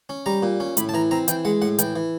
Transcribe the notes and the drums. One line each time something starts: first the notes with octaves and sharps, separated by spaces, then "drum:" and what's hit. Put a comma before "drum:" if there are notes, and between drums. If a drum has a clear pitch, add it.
C#4
G3 A#5
A#2
C#4
A2 B5, drum: hi-hat
A5
E3 A#5
C4 A#5
E3 G5, drum: hi-hat
G#3 F#5
A2 F#5
E3 G5, drum: hi-hat
E3